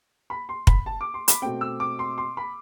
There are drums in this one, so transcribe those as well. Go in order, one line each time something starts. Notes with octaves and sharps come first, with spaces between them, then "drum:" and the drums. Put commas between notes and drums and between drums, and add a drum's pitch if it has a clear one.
B5
C6
B5, drum: kick
A5
D6
C6
B5, drum: hi-hat
B2 A3 C4 G5
E6
D6
C6
C6
B5